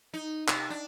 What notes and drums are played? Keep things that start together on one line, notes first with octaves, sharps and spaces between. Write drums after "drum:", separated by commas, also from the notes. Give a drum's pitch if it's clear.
D#4
C3, drum: clap
D4